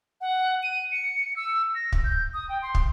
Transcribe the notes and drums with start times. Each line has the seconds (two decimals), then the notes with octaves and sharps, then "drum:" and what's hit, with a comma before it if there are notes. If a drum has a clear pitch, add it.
0.21 F#5
0.63 D#7
0.92 C#7
1.36 E6
1.75 A#6
1.92 drum: kick
2.04 G6
2.34 D#6
2.49 G5
2.62 C6
2.75 drum: kick